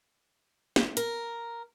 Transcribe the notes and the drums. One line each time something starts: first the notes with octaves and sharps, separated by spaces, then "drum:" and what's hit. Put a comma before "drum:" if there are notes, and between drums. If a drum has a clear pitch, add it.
drum: snare
A#4, drum: hi-hat